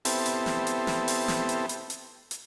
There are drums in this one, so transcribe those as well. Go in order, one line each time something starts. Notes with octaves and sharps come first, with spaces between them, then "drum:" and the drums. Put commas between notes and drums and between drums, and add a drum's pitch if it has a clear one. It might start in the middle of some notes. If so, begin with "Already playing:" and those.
B3 C4 E4 G4 A4, drum: open hi-hat
drum: hi-hat
drum: snare
drum: hi-hat
drum: snare
drum: open hi-hat
drum: snare
drum: hi-hat
drum: hi-hat
drum: hi-hat
drum: hi-hat